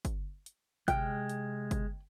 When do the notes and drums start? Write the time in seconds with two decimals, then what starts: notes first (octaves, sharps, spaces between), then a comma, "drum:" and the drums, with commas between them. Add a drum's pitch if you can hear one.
0.05 drum: kick G1, hi-hat
0.46 drum: hi-hat
0.88 C3 G#3 G5 F6 F#6, drum: kick G1, hi-hat
1.29 drum: hi-hat
1.71 drum: kick G1, hi-hat